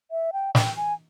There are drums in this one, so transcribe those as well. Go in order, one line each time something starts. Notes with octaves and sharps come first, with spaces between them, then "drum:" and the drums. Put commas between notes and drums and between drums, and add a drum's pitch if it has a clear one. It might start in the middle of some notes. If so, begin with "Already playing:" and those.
E5
G5
G5, drum: snare
G#5